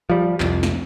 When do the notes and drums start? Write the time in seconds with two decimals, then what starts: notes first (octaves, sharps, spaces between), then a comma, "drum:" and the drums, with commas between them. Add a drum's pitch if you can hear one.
0.10 F3 G3
0.40 C2 F2, drum: clap
0.63 drum: snare